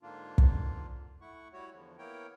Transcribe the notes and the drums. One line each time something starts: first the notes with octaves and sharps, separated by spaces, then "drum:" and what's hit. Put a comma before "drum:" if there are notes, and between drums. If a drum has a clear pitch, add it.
G#2 D3 A#3 D4 F4
drum: kick
A3 E4 F#5 C#6
G3 E4 F#4 C#5
E2 D3 F3
A#3 B3 E4 A#4 C#5 G5